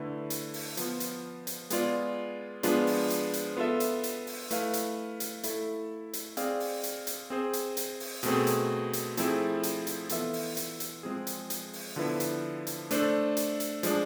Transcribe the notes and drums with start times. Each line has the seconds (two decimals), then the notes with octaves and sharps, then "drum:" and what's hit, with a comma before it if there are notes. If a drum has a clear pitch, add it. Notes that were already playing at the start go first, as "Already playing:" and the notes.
Already playing: D3 A3 E4 B4
0.30 drum: hi-hat
0.54 drum: open hi-hat
0.77 F3 B3 F4, drum: hi-hat
1.00 drum: hi-hat
1.47 drum: hi-hat
1.70 G#3 B3 F4 G#4 D5, drum: hi-hat
2.63 F3 G#3 B3 D4 F4, drum: hi-hat
2.87 drum: open hi-hat
3.10 drum: hi-hat
3.34 drum: hi-hat
3.57 B3 F4 A4 E5
3.80 drum: hi-hat
4.03 drum: hi-hat
4.27 drum: open hi-hat
4.51 A3 E4 B4 F5, drum: hi-hat
4.73 drum: hi-hat
5.20 drum: hi-hat
5.44 A3 E4 A4, drum: hi-hat
6.13 drum: hi-hat
6.37 C4 G#4 D5 F5, drum: hi-hat
6.60 drum: open hi-hat
6.83 drum: hi-hat
7.07 drum: hi-hat
7.30 C4 G#4 C5
7.53 drum: hi-hat
7.77 drum: hi-hat
8.00 drum: open hi-hat
8.23 B2 A3 C4 G#4, drum: hi-hat
8.47 drum: hi-hat
8.93 drum: hi-hat
9.17 F3 A3 C4 E4 G#4, drum: hi-hat
9.63 drum: hi-hat
9.87 drum: hi-hat
10.09 E3 B3 F4 A4 E5, drum: hi-hat
10.33 drum: open hi-hat
10.57 drum: hi-hat
10.80 drum: hi-hat
11.03 F3 G#3 C4 G#4
11.27 drum: hi-hat
11.50 drum: hi-hat
11.73 drum: open hi-hat
11.96 D3 F3 B3 E4 B4
12.20 drum: hi-hat
12.67 drum: hi-hat
12.91 A3 D4 A4 C5, drum: hi-hat
13.37 drum: hi-hat
13.60 drum: hi-hat
13.83 F3 G#3 D4, drum: hi-hat